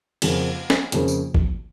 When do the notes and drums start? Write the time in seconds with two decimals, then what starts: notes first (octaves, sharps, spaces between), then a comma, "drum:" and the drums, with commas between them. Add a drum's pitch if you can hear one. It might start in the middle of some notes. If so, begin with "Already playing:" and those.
0.22 F2 C#3 F3 A#3 C#4, drum: cymbal
0.70 drum: snare
0.92 F2 C#3 F3 A#3 C#4, drum: hi-hat
1.08 drum: tambourine
1.34 drum: kick